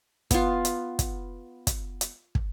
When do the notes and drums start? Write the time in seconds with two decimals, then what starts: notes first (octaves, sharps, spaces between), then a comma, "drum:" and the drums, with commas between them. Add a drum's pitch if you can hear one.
0.31 B3 F4, drum: kick, hi-hat
0.65 drum: hi-hat
0.99 drum: kick, hi-hat
1.67 drum: kick, hi-hat
2.01 drum: hi-hat
2.35 drum: kick